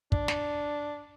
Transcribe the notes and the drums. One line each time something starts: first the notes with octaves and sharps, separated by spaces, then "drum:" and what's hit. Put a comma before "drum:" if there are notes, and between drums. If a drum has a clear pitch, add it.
D4, drum: kick
drum: snare